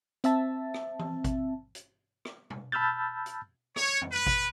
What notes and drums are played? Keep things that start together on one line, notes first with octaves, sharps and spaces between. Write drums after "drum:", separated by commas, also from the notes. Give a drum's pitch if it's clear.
C4 E5 A5, drum: hi-hat
drum: rim click
drum: tom E3
drum: kick G#1, hi-hat
drum: hi-hat
drum: rim click
drum: tom B2
A5 B5 E6 F6 G6 A6
drum: hi-hat
C#5, drum: rim click
drum: tom F2
B4
drum: kick G#1